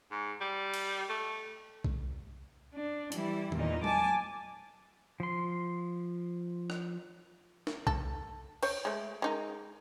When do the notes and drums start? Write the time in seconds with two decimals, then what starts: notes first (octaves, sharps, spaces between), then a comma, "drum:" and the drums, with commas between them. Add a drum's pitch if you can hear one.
0.11 G#2
0.41 G3
0.74 drum: cymbal
1.09 A3
1.84 drum: kick B1
2.74 D4
3.12 E3 G3 E4, drum: hi-hat
3.52 E2 A#2 D#4, drum: tom D#3
3.84 G#5 A5 D6, drum: tom F#3
5.20 F3 C6
6.70 drum: rim click
7.67 drum: snare
7.87 A4, drum: kick B1
8.63 C5 C#5, drum: cymbal
8.85 G#3 A3
9.22 G#3 D#4 A#4